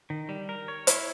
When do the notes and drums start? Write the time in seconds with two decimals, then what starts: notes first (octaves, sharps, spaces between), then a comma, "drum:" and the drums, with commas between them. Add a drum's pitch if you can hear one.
0.10 D#3
0.29 G3
0.49 A#4
0.68 C#5
0.87 E4, drum: hi-hat